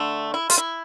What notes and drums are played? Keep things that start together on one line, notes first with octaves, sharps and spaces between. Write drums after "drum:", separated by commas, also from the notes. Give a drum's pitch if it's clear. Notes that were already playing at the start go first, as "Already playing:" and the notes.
Already playing: D3 A3
E4
F4, drum: hi-hat
E4